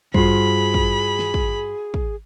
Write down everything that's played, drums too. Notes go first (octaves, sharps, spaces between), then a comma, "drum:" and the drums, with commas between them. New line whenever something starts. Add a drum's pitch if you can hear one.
G2 G3 F4 F#4 G#4 C5 B5, drum: kick
drum: kick
drum: snare
drum: kick
drum: kick